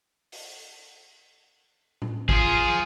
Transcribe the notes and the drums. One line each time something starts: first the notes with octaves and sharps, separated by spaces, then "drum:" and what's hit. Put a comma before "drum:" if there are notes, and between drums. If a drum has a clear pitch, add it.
drum: open hi-hat
drum: tom A2
F3 F4 G#4, drum: kick G#1